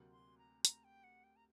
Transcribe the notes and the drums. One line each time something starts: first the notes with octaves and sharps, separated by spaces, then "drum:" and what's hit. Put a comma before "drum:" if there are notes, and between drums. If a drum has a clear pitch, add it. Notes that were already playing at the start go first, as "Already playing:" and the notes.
Already playing: D2 C3 F#3 A#3
C6
A#5
A#5, drum: hi-hat
G5
F#5
G5
A#5